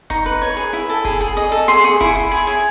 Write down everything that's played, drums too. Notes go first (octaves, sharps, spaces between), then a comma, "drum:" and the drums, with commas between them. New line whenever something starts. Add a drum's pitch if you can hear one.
D#4 C#6, drum: kick F1, hi-hat
B4
C#5, drum: open hi-hat
G#4
E4
A4
G#4, drum: kick F1
G#4
D#5, drum: hi-hat
A4
G#4 C6
G#4 C#6
E4, drum: kick F1, hi-hat
E4
G#4, drum: hi-hat
C#5